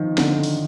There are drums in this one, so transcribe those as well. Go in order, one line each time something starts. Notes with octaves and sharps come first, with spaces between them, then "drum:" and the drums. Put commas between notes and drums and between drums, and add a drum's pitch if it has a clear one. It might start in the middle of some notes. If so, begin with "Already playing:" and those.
Already playing: D#3 F3
D3, drum: snare
drum: open hi-hat